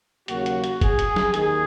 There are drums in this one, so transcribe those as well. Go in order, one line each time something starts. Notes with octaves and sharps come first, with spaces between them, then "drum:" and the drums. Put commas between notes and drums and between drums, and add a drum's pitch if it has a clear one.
D#2 C#3 F#3 A#3 F#4, drum: hi-hat
drum: hi-hat
drum: hi-hat
G#4, drum: kick, hi-hat
drum: hi-hat
drum: snare
D#2 D#3 G#4, drum: hi-hat